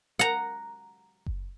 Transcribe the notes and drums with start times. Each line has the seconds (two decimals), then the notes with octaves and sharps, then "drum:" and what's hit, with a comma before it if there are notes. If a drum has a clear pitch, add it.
0.19 F#5 A#5
1.26 drum: kick F#1